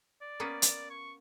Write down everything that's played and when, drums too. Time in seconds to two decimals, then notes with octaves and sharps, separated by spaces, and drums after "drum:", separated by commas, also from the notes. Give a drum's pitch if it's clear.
0.22 D5
0.40 A#3 B3 C#4
0.62 drum: hi-hat
0.90 C#6